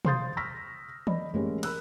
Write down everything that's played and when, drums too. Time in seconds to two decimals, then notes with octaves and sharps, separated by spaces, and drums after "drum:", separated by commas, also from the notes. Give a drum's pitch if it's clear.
0.05 C5 F5 C6 D#6 G6 A6, drum: tom B2
0.37 C#6 E6 F6 A#6 B6
1.07 D5 D#5 B5, drum: tom D#3
1.33 A1 G#3 A#3 C#4 G4
1.63 A#4 B5 E6 F#6, drum: cymbal